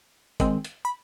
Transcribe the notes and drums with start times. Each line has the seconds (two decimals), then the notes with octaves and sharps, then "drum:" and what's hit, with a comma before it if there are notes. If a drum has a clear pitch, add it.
0.40 D#3 G#3 C4, drum: kick G1, hi-hat
0.65 drum: hi-hat
0.85 B5